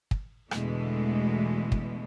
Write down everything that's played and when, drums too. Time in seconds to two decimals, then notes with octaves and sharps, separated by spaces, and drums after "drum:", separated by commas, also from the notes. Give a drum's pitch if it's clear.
0.11 drum: kick
0.51 E2 B2 D3 E3 G#3 A3, drum: rim click
1.72 drum: kick